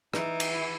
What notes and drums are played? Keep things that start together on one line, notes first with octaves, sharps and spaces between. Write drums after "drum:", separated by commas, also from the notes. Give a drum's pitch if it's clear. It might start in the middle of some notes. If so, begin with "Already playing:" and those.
E3 D#4, drum: rim click
drum: cymbal
E4